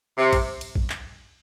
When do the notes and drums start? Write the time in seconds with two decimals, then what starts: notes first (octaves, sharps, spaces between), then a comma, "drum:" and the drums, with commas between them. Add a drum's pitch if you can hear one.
0.18 C3
0.33 drum: kick A1, cymbal
0.61 drum: cymbal
0.75 drum: kick A1
0.90 drum: clap